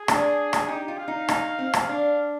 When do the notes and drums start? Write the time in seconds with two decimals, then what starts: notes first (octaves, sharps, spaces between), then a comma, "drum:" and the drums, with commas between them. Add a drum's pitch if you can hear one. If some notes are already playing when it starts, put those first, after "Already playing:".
Already playing: G#4
0.08 D4, drum: rim click
0.53 drum: rim click
0.68 D#4 G4
0.88 F4
0.98 F5
1.08 D#4
1.28 D#4, drum: rim click
1.59 C4
1.74 drum: rim click
1.88 D4 F5